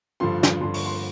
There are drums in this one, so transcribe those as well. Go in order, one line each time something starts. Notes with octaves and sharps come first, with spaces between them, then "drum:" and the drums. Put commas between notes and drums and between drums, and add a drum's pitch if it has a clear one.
G2 D3 F3 C6
drum: snare
G2 D3 F3 C6
C#6, drum: open hi-hat
C6